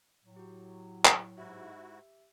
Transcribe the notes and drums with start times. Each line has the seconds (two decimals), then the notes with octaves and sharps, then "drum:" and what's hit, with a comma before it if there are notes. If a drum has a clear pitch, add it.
0.24 A2 F#3
0.36 F#4 G4
1.05 drum: clap
1.37 G#2 E4 F#4 G4 E5